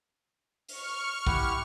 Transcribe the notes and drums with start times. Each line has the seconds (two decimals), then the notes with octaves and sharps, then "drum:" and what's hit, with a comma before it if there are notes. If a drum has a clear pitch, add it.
0.68 C#6 F6, drum: open hi-hat
1.27 E4 G4 F#5, drum: kick B1